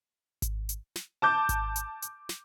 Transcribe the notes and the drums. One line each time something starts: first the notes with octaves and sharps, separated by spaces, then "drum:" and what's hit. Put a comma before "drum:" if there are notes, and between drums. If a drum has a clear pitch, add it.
drum: kick G#1, hi-hat
drum: hi-hat
drum: snare
A5 D6 G6
drum: kick G#1, hi-hat
drum: hi-hat
drum: hi-hat
drum: snare